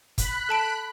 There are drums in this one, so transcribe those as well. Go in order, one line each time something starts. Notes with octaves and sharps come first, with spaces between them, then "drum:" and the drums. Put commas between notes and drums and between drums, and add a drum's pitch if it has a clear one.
B5 F#6, drum: kick, hi-hat
A4 A5 D7